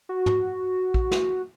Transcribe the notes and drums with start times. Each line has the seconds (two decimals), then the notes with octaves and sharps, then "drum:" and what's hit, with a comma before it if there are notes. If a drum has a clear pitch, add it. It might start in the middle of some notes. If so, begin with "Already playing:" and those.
0.09 F#4
0.26 drum: tom
0.94 drum: kick A#1
1.11 drum: snare